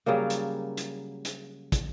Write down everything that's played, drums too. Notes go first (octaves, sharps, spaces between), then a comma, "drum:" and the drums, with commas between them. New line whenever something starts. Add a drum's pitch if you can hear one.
C#3 F#3 G3 A#3
drum: hi-hat
drum: hi-hat
drum: hi-hat
drum: kick, hi-hat